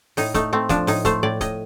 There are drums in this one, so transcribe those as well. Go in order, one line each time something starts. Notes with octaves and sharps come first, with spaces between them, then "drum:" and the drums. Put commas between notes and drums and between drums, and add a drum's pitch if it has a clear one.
A2 D#4, drum: open hi-hat
A3 D#4, drum: kick, hi-hat
A3 C4
F3 D4, drum: kick, hi-hat
A2 D#4, drum: open hi-hat
A3 C5, drum: kick, hi-hat
A2 D5
A2 D#5, drum: kick, hi-hat